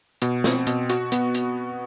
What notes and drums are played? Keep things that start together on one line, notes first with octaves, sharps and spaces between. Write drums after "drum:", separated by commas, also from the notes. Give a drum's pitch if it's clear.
B2, drum: hi-hat
C4, drum: snare
B2, drum: hi-hat
F#4, drum: hi-hat
B3, drum: hi-hat
drum: hi-hat